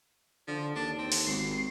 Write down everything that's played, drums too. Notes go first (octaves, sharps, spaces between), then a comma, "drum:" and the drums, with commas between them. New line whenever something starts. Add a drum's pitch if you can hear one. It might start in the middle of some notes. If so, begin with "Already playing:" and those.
D3 F3
D#2 D4
D#2 C4
drum: open hi-hat
G#1 D#2 C7